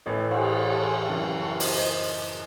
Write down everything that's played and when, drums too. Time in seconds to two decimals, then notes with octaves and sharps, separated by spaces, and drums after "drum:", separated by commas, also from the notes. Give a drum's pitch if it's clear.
0.06 A1 A2 E3 A4 C#5
0.31 G#4 C5, drum: cymbal
0.57 A4 C#5
0.74 A5
0.82 G#5 C6
1.08 F#1 F#2 E3 A5 C#6
1.42 A5 C#6
1.60 C5 D#5, drum: open hi-hat
1.77 C5 D#5